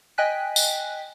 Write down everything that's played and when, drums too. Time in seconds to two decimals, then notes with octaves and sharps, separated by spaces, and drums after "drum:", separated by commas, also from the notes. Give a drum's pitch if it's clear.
0.18 D#5 G5 G#5 F#6 B6
0.56 drum: tambourine